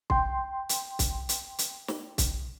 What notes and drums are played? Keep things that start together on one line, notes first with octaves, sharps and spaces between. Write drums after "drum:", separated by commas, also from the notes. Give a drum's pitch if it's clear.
G5 C6, drum: kick
drum: hi-hat
drum: kick, hi-hat
drum: hi-hat
drum: hi-hat
drum: snare
drum: kick, hi-hat